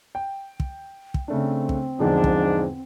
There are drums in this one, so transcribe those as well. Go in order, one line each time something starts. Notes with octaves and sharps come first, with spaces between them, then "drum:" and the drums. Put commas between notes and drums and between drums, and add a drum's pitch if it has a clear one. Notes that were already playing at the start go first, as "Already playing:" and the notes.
G5
drum: kick
drum: kick
C#3 A3 C4 D4
drum: kick
E2 G#2 D3 F3 D4
drum: kick